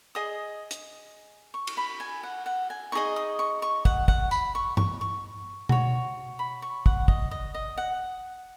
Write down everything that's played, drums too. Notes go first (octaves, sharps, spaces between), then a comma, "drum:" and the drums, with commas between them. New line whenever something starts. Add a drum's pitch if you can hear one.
G#4 D#5 D#6
drum: hi-hat
C#6
drum: cymbal
B5
G#5
F#5
F#5
G#5
D#4 G#4 D#5 C#6
D#6
C#6
C#6
F#5, drum: kick
F#5, drum: kick
B5, drum: tambourine
C#6
C#6, drum: tom G2
C#6
F#4 C#5, drum: tom B2
B5
C#6
F#5, drum: kick
D#5, drum: kick
D#5
D#5
F#5